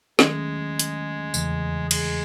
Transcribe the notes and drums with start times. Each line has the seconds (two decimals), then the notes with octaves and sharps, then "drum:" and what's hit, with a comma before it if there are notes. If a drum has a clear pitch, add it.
0.19 D#3 F#3 G#3 A3 C#4, drum: snare
0.79 drum: hi-hat
1.34 E2 C#3 E3 A3, drum: tambourine
1.91 G#3, drum: cymbal